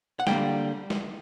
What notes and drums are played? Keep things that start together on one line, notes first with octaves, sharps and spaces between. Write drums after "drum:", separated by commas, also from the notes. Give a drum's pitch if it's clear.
F#5
D3 G3 A#3 G5, drum: snare
drum: snare